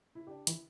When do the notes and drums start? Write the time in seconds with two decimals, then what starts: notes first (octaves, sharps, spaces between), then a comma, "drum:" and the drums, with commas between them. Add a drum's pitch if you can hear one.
0.15 E4
0.27 D4 G4
0.47 E3 E4, drum: hi-hat